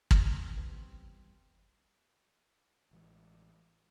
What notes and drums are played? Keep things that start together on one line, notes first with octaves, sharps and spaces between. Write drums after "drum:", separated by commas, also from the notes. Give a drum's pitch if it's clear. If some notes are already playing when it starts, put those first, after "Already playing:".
C4, drum: kick
E3 G3 B3
A1 E3 G#3